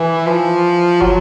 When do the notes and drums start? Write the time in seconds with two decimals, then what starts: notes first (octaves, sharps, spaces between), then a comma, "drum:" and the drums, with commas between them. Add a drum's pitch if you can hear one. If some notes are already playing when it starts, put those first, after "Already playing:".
Already playing: E3
0.27 F3
1.01 F#3, drum: kick